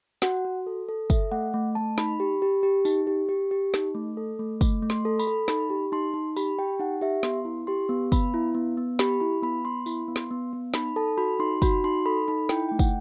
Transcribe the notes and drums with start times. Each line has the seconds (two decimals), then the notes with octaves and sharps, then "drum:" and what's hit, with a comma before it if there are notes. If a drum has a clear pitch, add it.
0.22 F#4 F#5, drum: snare
0.45 F#4
0.67 A4
0.89 A4
1.10 A4 E5, drum: kick, tambourine
1.32 A3 F#5
1.54 A3
1.75 A3 A5
1.98 D#4 B5, drum: snare
2.20 G4
2.42 G4
2.63 G4
2.85 D#4, drum: tambourine
3.07 G4
3.29 G4
3.51 G4
3.74 D#4, drum: snare
3.95 A3
4.17 A4
4.39 A3
4.61 A3, drum: kick, tambourine
4.82 A3
4.90 C6, drum: snare
5.05 A4
5.19 B5, drum: tambourine
5.27 A4
5.48 D#4 B5, drum: snare
5.70 G4
5.92 D#4 C6
6.14 D#4
6.36 G4 B5, drum: tambourine
6.59 G4 G5
6.79 D#4 F#5
7.01 G4 E5
7.23 B3 C6, drum: snare
7.45 E4
7.67 G4 C6
7.89 B3
8.12 B3 B5, drum: kick, tambourine
8.34 E4
8.55 B3
8.77 B3
8.99 G4 B5, drum: snare
9.20 E4 B5
9.42 B3 B5
9.65 B3 C6
9.86 E4 B5, drum: tambourine
10.08 B3
10.16 C6, drum: snare
10.31 B3
10.53 B3
10.74 D#4 B5, drum: snare
10.96 A4 A5
11.17 F#4 B5
11.39 D#4 C6
11.62 F#4 B5, drum: kick, tambourine
11.84 D#4 C6
12.06 A4 B5
12.28 D#4 B5
12.49 E4 G5, drum: snare
12.69 A3 G5
12.79 F#5, drum: kick, tambourine